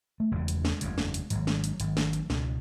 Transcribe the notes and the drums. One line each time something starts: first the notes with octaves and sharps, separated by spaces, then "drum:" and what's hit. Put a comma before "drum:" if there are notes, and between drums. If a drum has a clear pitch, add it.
A3
F#1 E2 C#3 G#3
drum: hi-hat
drum: snare
F#1 E2 C#3, drum: hi-hat
drum: snare
drum: hi-hat
G#1 G#2 F#3, drum: hi-hat
drum: snare
drum: hi-hat
G#1 G#2, drum: hi-hat
drum: snare
drum: hi-hat
C#2 B2, drum: snare